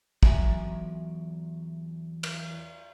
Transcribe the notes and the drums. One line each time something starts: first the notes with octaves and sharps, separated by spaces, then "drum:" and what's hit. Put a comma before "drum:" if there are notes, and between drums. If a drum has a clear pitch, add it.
E2 F#3 A#4 E5 G#5, drum: kick
drum: cymbal